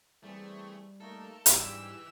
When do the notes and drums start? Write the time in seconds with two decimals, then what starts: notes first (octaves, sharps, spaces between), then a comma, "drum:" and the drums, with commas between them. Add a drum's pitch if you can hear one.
0.24 E3 G3 A3 C4 G#4
1.01 A3 A#3 D#4 A4 A#4
1.46 G#2 E3 G3 G#3 D4 G4 E6, drum: hi-hat